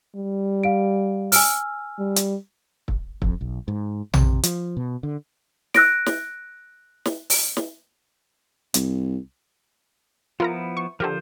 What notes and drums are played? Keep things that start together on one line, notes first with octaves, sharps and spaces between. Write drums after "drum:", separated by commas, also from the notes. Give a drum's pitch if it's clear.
G3
F5 D7
G#5 E6 F6, drum: open hi-hat
G3
drum: hi-hat
drum: kick
F2, drum: kick
B1
G#2
C3, drum: tom A#1
F3, drum: hi-hat
B2
D3
E6 F#6 A#6 D7, drum: snare
drum: snare
drum: snare
drum: open hi-hat
drum: snare
C2, drum: hi-hat
F3 B3 E4 F4 A#4 A#5
C#6
D3 F3 G4 A#4 C5